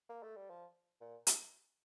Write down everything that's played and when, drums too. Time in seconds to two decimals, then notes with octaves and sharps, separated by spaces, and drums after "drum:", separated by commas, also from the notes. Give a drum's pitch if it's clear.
0.09 A#3
0.23 A3
0.36 G3
0.50 F3
1.01 A#2
1.27 drum: hi-hat